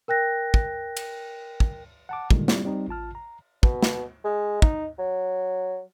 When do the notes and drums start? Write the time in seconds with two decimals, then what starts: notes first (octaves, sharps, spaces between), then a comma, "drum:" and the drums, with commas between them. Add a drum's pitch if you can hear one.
0.08 A#4 G5 F#6 A#6
0.54 drum: kick
0.97 drum: cymbal
1.60 drum: kick
2.09 F#5 A5 D6
2.31 A#2 D3 D#3 G3 G#3, drum: kick
2.48 G3 A#3 C4 E4 F4, drum: snare
2.65 G3 C4 D#4
2.88 A1 F4 A5 F6
3.15 A#5
3.63 B2, drum: kick
3.82 drum: snare
4.24 G#3
4.62 D#4, drum: kick
4.98 F#3